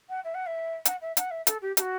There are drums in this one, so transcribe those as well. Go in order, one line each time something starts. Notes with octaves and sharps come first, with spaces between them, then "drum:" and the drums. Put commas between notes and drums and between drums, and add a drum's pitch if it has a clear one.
F#5
E5
F#5
E5
F#5, drum: hi-hat
E5
F#5, drum: hi-hat
E5
A4, drum: hi-hat
G4
G4, drum: hi-hat
F#4